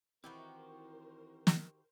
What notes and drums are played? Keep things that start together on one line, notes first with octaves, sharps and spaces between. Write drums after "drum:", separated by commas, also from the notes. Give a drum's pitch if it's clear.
D#3 E3 C4 E4 F#4 G4 A#4 C5
drum: snare